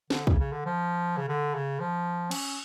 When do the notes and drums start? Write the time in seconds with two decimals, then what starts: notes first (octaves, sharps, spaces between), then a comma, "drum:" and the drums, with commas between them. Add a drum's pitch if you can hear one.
0.10 D3, drum: snare
0.27 C#3, drum: kick
0.39 C#3
0.53 D3
0.66 F3
1.17 C#3
1.29 D3
1.54 C#3
1.81 F3
2.31 C#4, drum: cymbal